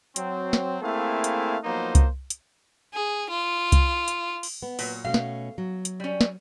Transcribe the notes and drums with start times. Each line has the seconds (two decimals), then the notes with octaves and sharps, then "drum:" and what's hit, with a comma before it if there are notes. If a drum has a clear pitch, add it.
0.16 F#3 C4, drum: hi-hat
0.53 drum: snare
0.82 A3 A#3 C4 E4 G#4 F5
1.24 drum: hi-hat
1.63 F3 F#3 A#3 B3 D#4 C5
1.95 drum: kick C2, hi-hat
2.30 drum: hi-hat
2.94 G#4
3.29 F4
3.72 drum: kick C2, hi-hat
4.08 drum: hi-hat
4.43 drum: open hi-hat
4.63 B3
4.79 A#2 F#3, drum: open hi-hat
5.05 B2 A3 C#4 F5
5.14 drum: snare
5.58 F#3
5.85 drum: hi-hat
6.00 G3 C#4
6.21 drum: snare